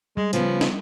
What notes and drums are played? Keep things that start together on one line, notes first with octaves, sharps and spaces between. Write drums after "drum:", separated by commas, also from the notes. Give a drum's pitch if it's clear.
G3 G#3
C#3 F3 B3, drum: hi-hat
drum: snare